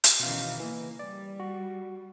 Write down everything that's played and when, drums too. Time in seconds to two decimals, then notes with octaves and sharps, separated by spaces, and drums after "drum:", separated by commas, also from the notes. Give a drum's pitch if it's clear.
0.04 drum: hi-hat
0.20 B2 D#3 E3 C#4 F5
0.60 C#3 E3 A#3
0.99 G3 D5
1.40 F#4